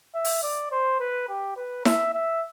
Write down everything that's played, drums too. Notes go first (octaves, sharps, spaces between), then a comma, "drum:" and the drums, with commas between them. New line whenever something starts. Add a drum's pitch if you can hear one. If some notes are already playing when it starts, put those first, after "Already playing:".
E5
drum: open hi-hat
D5
C5
B4
G4
B4
E5, drum: snare E4
E5